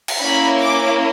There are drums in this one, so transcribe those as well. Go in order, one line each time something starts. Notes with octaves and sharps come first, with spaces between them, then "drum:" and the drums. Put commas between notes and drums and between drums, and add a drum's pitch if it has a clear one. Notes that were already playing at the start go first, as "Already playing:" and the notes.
drum: cymbal
A#3 C#4 E4 B5
D6